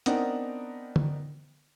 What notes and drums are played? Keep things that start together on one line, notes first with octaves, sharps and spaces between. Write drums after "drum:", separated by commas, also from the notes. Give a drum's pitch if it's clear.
B3 C4 D4 D#4 A#4 F#5, drum: hi-hat
drum: tom D3